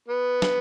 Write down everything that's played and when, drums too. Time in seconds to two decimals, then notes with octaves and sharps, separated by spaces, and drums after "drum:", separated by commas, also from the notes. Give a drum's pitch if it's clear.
0.08 B3
0.42 drum: snare